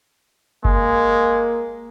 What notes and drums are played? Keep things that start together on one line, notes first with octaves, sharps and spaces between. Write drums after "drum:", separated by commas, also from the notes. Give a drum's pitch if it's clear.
G#3 A#3, drum: kick F#1